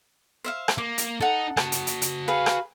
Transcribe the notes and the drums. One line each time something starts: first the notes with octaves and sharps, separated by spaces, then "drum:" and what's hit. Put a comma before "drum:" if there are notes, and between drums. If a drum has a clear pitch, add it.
C5 E5 F5
drum: rim click
A#3 D6
drum: hi-hat
D#4 A4 F#5
F#4 A5, drum: rim click
drum: hi-hat
drum: hi-hat
drum: hi-hat
G#4 B4 F5
drum: rim click